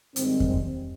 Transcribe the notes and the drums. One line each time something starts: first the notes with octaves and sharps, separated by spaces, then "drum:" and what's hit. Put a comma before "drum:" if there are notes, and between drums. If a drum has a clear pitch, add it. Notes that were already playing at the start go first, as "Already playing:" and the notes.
G#2 D#3 G3 C4, drum: hi-hat
drum: kick F2